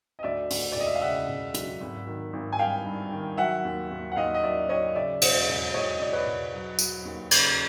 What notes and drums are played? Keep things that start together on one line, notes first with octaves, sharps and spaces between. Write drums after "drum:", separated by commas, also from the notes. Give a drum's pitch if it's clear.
D#5
D2 D5 E5
D2, drum: open hi-hat
D5
E1 D#5
E5
F5
C#3 E5 F#5
E1
F#3, drum: hi-hat
G#1
D#3
G#1
G#5
G2 F5 G5
G2
D#3
F#3 E5 F#5
D#2
D#2
F#5
D#2 D#5 F5
D#5
F#3 D5 E5
F#3 C#5 D#5
C#3 D5 E5
E1, drum: cymbal
E1
E1 C#5 D#5
E1 D5
B4 C#5
E1
F#3
F#3, drum: tambourine
D#2
C#3, drum: cymbal